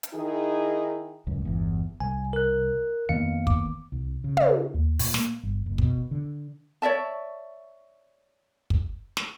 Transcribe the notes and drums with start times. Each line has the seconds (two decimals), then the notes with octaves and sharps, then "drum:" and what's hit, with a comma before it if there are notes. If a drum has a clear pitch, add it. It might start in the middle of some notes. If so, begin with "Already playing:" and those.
0.03 drum: hi-hat
0.14 D#3 D#4 E4 G#4
1.27 D1 C#2 F#2
1.45 G1 E2
2.00 C2 G#5
2.33 A#4 F#6
3.09 F2 D#3 A#3 B3 F5 C#7
3.47 D6, drum: kick
3.92 C2
4.24 C#3
4.37 drum: tom
4.74 D#2
4.99 A#2, drum: open hi-hat
5.14 A#3, drum: snare
5.43 G1
5.66 F#1
5.78 B2, drum: kick
6.11 D3
6.82 C#5 D5 E5 A5
8.70 drum: kick
9.17 drum: snare